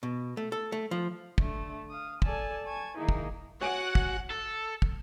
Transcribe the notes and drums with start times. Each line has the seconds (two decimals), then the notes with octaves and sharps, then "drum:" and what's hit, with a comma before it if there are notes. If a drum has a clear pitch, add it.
0.03 B2
0.37 A3
0.52 A4
0.72 A3
0.91 F3
1.38 D3 A3, drum: kick
1.89 F5 D#6
2.22 A4 D5 G#5 A5, drum: kick
2.63 G#5 A5 C#6 G#6
2.97 D#3 A#3 D#4 E4 G#4
3.09 drum: kick
3.61 F#4 C#5 F#5 G#5 D7
3.95 drum: kick
4.30 A4
4.82 drum: kick